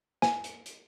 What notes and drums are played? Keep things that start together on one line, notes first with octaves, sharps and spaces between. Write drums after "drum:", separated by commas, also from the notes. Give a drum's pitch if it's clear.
G#5, drum: snare
drum: hi-hat
drum: hi-hat